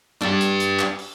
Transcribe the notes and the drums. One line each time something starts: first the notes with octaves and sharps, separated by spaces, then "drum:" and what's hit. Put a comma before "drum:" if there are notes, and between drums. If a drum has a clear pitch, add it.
D4 G4, drum: clap
drum: hi-hat
drum: hi-hat
drum: clap
drum: open hi-hat